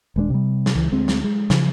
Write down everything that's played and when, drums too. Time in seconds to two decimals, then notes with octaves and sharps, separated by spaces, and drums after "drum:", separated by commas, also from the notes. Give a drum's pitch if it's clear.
0.16 D#1 G#3 A3 D4
0.30 C3 G3
0.66 drum: snare
0.75 C#2 E3
0.92 D2 G#3 C4
1.08 drum: snare
1.24 G#3
1.50 C#3 F3, drum: snare